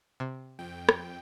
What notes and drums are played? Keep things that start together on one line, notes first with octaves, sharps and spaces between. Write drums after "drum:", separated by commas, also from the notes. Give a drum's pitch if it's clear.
C3
F2 G5
drum: rim click